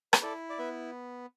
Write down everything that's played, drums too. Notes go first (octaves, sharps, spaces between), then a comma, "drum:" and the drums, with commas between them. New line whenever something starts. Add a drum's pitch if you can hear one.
B4, drum: rim click
E4 A4 D5
D5
B3 B4 E5